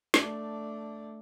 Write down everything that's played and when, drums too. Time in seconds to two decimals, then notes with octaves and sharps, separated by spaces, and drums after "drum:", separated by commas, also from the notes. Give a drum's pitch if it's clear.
0.14 A3 D4, drum: snare